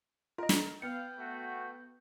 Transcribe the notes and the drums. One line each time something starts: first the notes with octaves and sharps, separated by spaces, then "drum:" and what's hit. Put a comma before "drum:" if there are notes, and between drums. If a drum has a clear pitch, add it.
F4 A#4 D#5
drum: snare
B3 F5 G5 C#7
A3 F#4